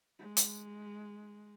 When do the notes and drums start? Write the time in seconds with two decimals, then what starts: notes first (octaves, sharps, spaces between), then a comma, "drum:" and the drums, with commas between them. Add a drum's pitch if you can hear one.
0.19 G#3
0.37 drum: hi-hat